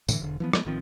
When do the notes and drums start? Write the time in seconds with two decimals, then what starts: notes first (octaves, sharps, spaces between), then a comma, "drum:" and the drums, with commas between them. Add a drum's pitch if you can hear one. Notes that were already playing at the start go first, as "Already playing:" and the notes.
0.08 A2 D3 E3, drum: tambourine
0.21 E1 D3
0.40 E3 F3 B3
0.53 F3 G#3 A#3 B3, drum: rim click
0.65 A1 D#3 F3 C4